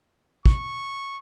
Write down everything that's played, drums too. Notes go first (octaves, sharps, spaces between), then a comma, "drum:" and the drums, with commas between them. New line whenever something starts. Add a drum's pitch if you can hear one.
C#6, drum: kick